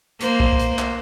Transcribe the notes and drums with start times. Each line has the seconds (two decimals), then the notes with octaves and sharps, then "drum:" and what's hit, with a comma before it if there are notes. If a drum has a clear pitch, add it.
0.20 A#3 C5, drum: hi-hat
0.40 drum: kick B1
0.59 drum: hi-hat
0.79 drum: clap